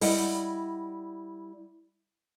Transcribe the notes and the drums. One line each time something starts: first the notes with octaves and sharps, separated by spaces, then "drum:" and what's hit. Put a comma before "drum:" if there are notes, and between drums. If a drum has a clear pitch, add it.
G3 E4 D5 D#5 F#5, drum: open hi-hat